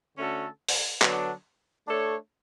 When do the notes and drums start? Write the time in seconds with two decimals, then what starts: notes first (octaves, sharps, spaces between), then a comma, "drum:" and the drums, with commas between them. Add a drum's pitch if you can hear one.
0.17 D3 A3 C#4 F#4 A4
0.68 drum: open hi-hat
1.02 D3 F#3 B3 D4, drum: clap
1.86 A3 D4 A4 C#5